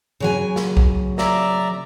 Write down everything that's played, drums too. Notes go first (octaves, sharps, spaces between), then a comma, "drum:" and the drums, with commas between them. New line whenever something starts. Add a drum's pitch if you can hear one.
C#3 F#3 G#5
drum: snare
drum: kick
D5 E5 A#5, drum: snare